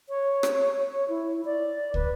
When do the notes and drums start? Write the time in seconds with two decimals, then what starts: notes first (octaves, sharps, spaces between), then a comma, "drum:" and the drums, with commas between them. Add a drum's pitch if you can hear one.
0.09 C#5
0.43 drum: rim click
0.91 C#5
1.09 E4
1.45 D5
1.94 B4, drum: kick